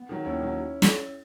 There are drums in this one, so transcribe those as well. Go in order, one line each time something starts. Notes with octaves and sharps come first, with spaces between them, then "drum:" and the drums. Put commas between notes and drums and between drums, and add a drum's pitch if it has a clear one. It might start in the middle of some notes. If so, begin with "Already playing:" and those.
Already playing: B3
D#3 F#3
D#2 C#4 E4
D#3 F#3
drum: snare